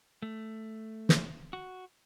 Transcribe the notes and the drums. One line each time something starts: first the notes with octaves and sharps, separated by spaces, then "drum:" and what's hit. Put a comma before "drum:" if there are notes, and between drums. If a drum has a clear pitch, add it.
A3
drum: snare
F#4